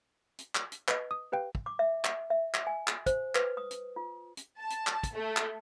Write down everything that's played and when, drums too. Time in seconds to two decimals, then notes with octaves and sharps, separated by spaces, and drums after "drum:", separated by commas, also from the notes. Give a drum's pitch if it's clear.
0.38 drum: hi-hat
0.55 drum: clap
0.72 drum: hi-hat
0.88 B4 D#5, drum: clap
1.11 D#6
1.32 G4 B4 F5 G5
1.55 drum: kick
1.66 D6
1.79 E5
2.05 drum: clap
2.30 E5
2.54 drum: clap
2.67 G#5
2.88 drum: clap
3.06 C5, drum: kick, hi-hat
3.35 B4, drum: clap
3.57 D#6
3.71 drum: hi-hat
3.96 F4
4.37 drum: hi-hat
4.59 A5
4.70 drum: hi-hat
4.87 drum: clap
5.03 drum: kick, hi-hat
5.14 A3
5.37 drum: clap